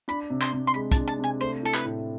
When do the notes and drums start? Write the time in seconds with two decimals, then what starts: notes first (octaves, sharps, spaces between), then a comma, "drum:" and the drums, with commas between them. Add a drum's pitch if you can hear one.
0.08 D4 B5
0.30 C3
0.41 C6, drum: clap
0.53 C3
0.67 C6
0.74 G#3 B5
0.91 A5, drum: kick, hi-hat
0.96 D4
1.08 A5
1.19 C3 G#5
1.41 A3 C5
1.62 E4 A4
1.74 B4, drum: clap
1.85 A2